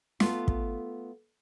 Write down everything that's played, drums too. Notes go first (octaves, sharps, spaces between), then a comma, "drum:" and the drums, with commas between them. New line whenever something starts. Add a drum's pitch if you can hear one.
A3 B3 F4, drum: snare
drum: kick